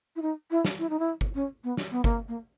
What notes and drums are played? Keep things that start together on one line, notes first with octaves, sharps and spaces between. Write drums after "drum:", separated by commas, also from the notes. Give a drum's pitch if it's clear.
E4
D#4
E4
drum: snare
E4
D#4
E4
drum: kick G1
C#4
B3
drum: snare
B3
A#3, drum: kick G1
A#3